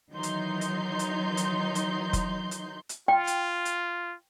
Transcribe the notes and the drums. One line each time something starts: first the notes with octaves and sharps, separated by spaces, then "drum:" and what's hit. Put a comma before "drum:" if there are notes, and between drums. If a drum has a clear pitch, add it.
D#3 E3 F#3 D#4 C6 G6
drum: hi-hat
drum: hi-hat
drum: hi-hat
drum: hi-hat
drum: hi-hat
drum: kick F1, hi-hat
drum: hi-hat
drum: hi-hat
F4 G5
drum: hi-hat
drum: hi-hat